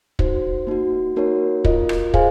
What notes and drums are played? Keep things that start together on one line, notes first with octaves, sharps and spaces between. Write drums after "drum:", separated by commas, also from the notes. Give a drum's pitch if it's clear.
D#4 F#4 C5, drum: kick
A#3 D#4 F#4
A#3 D#4 F#4 A#4 C#5
F4 A#4 D#5, drum: kick
drum: rim click
G#4 C5 F5 G#5, drum: kick